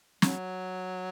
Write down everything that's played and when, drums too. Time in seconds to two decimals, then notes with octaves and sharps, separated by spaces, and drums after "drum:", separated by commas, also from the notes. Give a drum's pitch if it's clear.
0.22 F#3, drum: snare